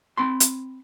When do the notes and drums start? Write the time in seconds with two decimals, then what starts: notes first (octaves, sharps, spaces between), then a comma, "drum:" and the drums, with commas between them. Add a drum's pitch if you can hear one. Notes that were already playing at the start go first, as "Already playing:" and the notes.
0.17 C4 B5 C6
0.40 drum: hi-hat